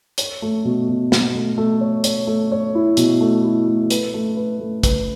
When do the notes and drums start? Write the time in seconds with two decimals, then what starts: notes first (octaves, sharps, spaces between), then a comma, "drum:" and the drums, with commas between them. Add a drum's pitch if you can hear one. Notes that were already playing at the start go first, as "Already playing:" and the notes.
0.18 C#5, drum: hi-hat
0.42 A3
0.65 B2
0.89 B2
1.12 B2, drum: snare
1.35 A3
1.58 A3
1.81 C#5
2.04 C#5, drum: hi-hat
2.27 A3
2.52 C#5
2.75 E4
2.97 B2, drum: hi-hat
3.21 A3
3.44 E4
3.67 A3
3.90 B4, drum: hi-hat
4.14 A3
4.37 B4
4.60 A3
4.83 B4, drum: kick, hi-hat